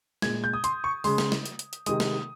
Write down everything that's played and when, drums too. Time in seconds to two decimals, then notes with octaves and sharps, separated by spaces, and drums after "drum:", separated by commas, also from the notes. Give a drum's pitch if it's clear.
0.22 A#2 G#3 G#6, drum: snare
0.44 G6
0.53 D#6
0.64 C6, drum: hi-hat
0.84 C#6
1.04 C#3 G#3 C6, drum: open hi-hat
1.18 drum: snare
1.32 drum: snare
1.46 drum: hi-hat
1.59 drum: hi-hat
1.73 drum: hi-hat
1.86 C3 D#3 G#3 D#6, drum: hi-hat
2.00 drum: snare